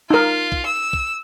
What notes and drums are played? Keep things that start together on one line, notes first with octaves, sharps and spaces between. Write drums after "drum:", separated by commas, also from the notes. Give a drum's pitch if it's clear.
D#4 F4 A#4
drum: kick
E6
drum: kick